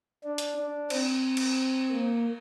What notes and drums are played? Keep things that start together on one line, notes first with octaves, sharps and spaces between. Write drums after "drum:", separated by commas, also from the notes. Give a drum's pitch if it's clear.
D4
drum: hi-hat
D4
C4, drum: cymbal
drum: cymbal
A#3